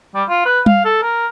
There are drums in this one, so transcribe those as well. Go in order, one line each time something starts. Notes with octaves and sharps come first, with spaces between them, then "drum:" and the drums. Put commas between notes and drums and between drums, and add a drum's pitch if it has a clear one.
G3
F4
B4
F5, drum: tom G3
A4
A#4